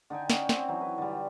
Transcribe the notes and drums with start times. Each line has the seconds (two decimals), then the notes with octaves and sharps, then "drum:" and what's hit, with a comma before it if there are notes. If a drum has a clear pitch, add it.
0.10 D3 D#4 G5 G#5
0.30 C#4 D#4 F#5, drum: snare
0.49 C4, drum: snare
0.68 E3 F#3
0.81 B4
0.98 D3 G3